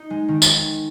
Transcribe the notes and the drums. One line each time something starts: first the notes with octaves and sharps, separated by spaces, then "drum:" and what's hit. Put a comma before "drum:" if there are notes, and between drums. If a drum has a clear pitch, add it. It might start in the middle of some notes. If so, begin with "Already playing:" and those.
Already playing: D#4
G#3
D#3
drum: tambourine